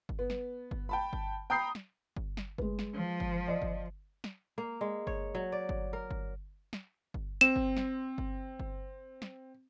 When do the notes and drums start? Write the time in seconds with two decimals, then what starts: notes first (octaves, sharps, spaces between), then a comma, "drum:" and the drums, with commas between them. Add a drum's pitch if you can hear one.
0.09 drum: kick G1
0.19 B3
0.30 drum: snare
0.71 drum: kick G1
0.89 G5 A5 B5
1.13 drum: kick G1
1.50 G5 A#5 B5 D#6 G6 C7
1.75 drum: snare
2.16 drum: kick G1
2.37 drum: snare
2.58 G#3 B4, drum: kick G1
2.79 drum: snare
2.95 F3
3.20 drum: kick G1
3.47 D5 D#5
3.62 drum: kick G1
4.24 drum: snare
4.58 A#3
4.81 G#3
5.07 C#5, drum: kick G1
5.35 F#3
5.52 D5
5.69 drum: kick G1
5.93 A#4
6.11 drum: kick G1
6.73 drum: snare
7.14 drum: kick G1
7.41 C4 E7
7.56 drum: kick G1
7.77 drum: snare
8.18 drum: kick G1
8.60 drum: kick G1
9.22 drum: snare